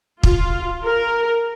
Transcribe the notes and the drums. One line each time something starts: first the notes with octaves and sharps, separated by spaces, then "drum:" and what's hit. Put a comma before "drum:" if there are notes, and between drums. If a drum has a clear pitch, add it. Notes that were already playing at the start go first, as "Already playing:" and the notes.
F4, drum: kick
A#4